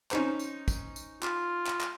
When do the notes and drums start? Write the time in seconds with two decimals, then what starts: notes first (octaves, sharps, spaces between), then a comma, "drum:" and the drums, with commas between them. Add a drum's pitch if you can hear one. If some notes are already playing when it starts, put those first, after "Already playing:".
0.11 C#4 D#4 C5, drum: clap
0.39 drum: tambourine
0.68 drum: kick, tambourine
0.96 drum: tambourine
1.23 F4, drum: clap
1.67 drum: clap
1.81 drum: clap